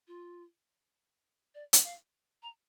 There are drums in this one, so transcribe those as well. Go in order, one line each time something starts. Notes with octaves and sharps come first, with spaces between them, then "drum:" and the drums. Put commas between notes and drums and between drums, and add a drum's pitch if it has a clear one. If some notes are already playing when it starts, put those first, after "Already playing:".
F4
D5
drum: hi-hat
F5
A#5